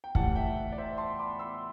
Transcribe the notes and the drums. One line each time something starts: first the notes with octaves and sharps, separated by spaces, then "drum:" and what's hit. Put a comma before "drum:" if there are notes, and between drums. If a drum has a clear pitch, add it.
G5
A2 E3 G3 F#5 A5, drum: kick
E5 G5
D5
C5 E5
A5 C6
B5 D6
C6 E6